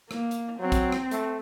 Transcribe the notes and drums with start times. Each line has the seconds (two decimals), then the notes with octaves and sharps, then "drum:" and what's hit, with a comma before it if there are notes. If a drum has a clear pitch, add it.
0.11 A#3, drum: rim click
0.31 drum: hi-hat
0.60 F#3 C4
0.72 drum: kick, hi-hat
0.92 drum: rim click
1.11 A3, drum: hi-hat